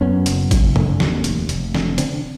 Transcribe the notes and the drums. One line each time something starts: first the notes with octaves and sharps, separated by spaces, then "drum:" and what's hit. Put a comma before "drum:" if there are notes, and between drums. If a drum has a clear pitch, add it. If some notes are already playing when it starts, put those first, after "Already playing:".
F#2 B3 C#4
F#1, drum: hi-hat
F#1, drum: kick G#1, hi-hat
D3, drum: tom G2
D#2, drum: snare
F1, drum: hi-hat
F1, drum: hi-hat
D3, drum: snare
D3 C4 D4, drum: hi-hat